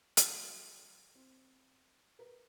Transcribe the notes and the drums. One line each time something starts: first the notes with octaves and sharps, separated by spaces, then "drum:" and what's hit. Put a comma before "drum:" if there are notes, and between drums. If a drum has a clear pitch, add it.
F#3, drum: hi-hat
C4
A#4 B4